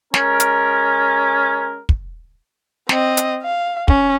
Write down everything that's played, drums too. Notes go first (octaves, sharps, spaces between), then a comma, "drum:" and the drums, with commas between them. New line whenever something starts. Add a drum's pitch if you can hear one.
G#3 C#4 A#4, drum: snare
drum: hi-hat
drum: kick
C4 D#5, drum: snare
drum: hi-hat
F5
C#4, drum: kick